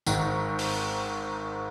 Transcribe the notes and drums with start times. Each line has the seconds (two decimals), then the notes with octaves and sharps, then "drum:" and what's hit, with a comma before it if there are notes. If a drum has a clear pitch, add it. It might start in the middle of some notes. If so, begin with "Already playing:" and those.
0.06 G#1 G#2 D#3, drum: tambourine
0.59 drum: open hi-hat